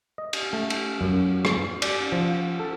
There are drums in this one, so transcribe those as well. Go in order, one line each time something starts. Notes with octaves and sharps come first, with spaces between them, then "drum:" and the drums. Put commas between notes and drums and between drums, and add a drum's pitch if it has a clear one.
D#5
drum: cymbal
A3
drum: cymbal
F#2
drum: rim click
D5, drum: cymbal
F3
A4